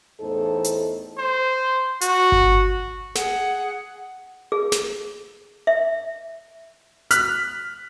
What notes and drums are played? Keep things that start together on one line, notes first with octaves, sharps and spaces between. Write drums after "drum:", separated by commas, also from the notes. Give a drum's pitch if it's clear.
E2 A2 D#4 A4 C5
drum: hi-hat
C5
F#4, drum: hi-hat
drum: kick G1
G#4 F#5, drum: snare
G#4
drum: snare
E5
F6 F#6 B6, drum: hi-hat